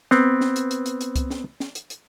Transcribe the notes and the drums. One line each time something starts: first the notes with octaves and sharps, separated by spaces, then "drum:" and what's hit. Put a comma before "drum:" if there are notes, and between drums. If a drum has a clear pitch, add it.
B3 C4, drum: snare
drum: snare
drum: hi-hat
drum: hi-hat
drum: hi-hat
drum: hi-hat
drum: kick C2, hi-hat
drum: snare
drum: snare
drum: hi-hat
drum: hi-hat